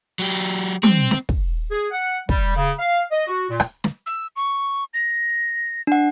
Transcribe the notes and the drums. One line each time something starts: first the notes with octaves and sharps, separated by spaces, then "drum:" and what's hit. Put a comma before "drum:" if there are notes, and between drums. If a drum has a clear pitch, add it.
F#3 G4
C4, drum: tom
drum: snare
drum: kick
G#4
F#5
G3, drum: kick
C#3
F5
D#5
F#4
A#2
drum: rim click
drum: snare
E6
C#6
A#6
D4 F#5